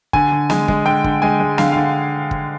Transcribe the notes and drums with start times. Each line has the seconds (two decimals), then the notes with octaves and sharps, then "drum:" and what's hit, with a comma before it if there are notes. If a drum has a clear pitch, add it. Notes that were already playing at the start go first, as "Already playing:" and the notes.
0.13 D3 G#5, drum: kick
0.32 D3
0.50 G#3, drum: snare
0.68 G#3, drum: kick
0.85 D3 G5
1.04 D3, drum: kick
1.22 G#3 G#5
1.40 G#3
1.58 D3 F5, drum: snare
1.72 D3 F5
2.31 drum: kick